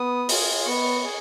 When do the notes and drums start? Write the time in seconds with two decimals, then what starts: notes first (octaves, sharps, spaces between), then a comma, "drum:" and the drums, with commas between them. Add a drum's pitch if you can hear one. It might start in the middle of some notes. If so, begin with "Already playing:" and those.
Already playing: B3 D#6
0.29 F4 G#4, drum: open hi-hat
0.65 B3 C#6
1.04 G#4